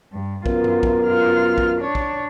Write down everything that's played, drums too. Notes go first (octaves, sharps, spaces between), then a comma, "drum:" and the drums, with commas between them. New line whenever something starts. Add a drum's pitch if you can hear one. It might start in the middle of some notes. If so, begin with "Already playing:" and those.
G2
F#2 B3 F4 A#4, drum: kick
drum: tom G2
drum: kick
F4 F6
drum: kick
D4 C#5
drum: kick